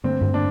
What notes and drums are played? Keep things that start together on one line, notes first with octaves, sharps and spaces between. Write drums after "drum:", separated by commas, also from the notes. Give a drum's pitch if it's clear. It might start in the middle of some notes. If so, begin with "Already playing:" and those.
G2 D3 A3 C4
drum: tom G2
D4